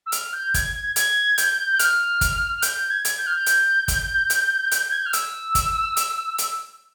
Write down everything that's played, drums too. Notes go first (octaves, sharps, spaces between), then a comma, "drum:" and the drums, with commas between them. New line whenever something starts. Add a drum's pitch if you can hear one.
E6
F6, drum: hi-hat
G6
G#6, drum: kick, hi-hat
G#6
G#6, drum: hi-hat
G6, drum: hi-hat
G6
F6, drum: hi-hat
drum: kick, hi-hat
F6
G6, drum: hi-hat
G#6
drum: hi-hat
G6
F6
G6
drum: hi-hat
drum: kick, hi-hat
drum: hi-hat
drum: hi-hat
G#6
G6
F6
E6, drum: hi-hat
drum: kick, hi-hat
drum: hi-hat
drum: hi-hat